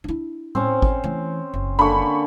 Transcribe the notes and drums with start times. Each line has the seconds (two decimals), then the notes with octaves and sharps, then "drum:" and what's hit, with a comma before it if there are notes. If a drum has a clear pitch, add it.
0.04 D4 E4
0.55 C4 C#4, drum: tom A2
0.82 drum: kick G#1
1.04 E3 A3
1.54 F#1
1.79 D3 A#3 G#5 B5 C#6